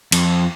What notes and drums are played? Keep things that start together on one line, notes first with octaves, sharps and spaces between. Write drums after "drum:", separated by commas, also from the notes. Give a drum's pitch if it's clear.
F2, drum: cymbal